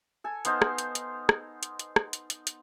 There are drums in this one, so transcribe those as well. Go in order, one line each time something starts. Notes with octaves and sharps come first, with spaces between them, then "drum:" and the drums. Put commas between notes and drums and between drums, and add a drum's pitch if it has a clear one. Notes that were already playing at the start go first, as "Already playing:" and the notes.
A4 G#5
B3 D#4 C5 F5, drum: hi-hat
drum: rim click
drum: hi-hat
drum: hi-hat
drum: rim click
drum: hi-hat
drum: hi-hat
drum: rim click
drum: hi-hat
drum: hi-hat
drum: hi-hat